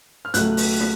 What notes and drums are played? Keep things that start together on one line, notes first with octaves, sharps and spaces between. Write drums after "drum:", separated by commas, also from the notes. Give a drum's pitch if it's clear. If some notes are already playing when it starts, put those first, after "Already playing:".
F6
C#2 B2 F#3 A3 F#6, drum: hi-hat
drum: open hi-hat
drum: snare